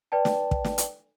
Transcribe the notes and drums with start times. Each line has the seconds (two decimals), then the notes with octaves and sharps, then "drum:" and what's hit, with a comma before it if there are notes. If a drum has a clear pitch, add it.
0.12 B4 D5 G5 A5
0.25 drum: snare
0.51 drum: kick
0.65 drum: snare
0.78 drum: hi-hat